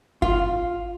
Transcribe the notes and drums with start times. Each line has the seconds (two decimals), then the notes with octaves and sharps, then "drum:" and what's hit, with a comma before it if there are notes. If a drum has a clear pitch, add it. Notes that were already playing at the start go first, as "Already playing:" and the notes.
0.22 F4, drum: kick G1